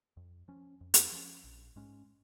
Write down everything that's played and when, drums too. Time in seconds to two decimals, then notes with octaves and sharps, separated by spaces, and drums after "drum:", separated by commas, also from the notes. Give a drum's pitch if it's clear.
0.17 F2
0.48 F3 C#4
0.81 F2
0.94 drum: hi-hat
1.12 F3 C#4
1.44 A#1
1.76 G#2 G#3 C#4